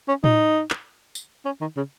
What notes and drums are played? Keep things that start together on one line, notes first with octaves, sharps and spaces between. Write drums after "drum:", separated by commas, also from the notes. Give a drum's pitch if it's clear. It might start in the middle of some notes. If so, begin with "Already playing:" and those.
C#4
D#4, drum: tom A2
drum: clap
drum: tambourine
C#4
D#3
C#3